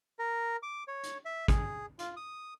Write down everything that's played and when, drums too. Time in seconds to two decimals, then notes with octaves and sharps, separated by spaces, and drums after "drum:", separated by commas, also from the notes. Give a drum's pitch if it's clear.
0.19 A#4
0.63 D6
0.88 C#5
1.03 drum: hi-hat
1.25 E5
1.48 G#4, drum: kick, hi-hat
1.99 F4, drum: hi-hat
2.17 D#6